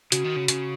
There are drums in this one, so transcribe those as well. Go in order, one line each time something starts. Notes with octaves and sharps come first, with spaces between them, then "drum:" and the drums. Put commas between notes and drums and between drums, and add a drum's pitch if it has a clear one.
C#3 F#4, drum: hi-hat
D#3
C#3
C#3, drum: hi-hat